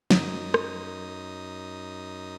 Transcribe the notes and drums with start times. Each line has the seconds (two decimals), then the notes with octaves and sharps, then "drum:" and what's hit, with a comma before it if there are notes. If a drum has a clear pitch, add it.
0.10 F#2 D#4 D#6, drum: snare
0.54 drum: rim click